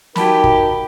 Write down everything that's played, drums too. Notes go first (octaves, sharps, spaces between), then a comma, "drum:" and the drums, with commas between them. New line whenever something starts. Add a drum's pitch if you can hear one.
D#4 F#4 G4 A#4 A5 B5, drum: snare
drum: kick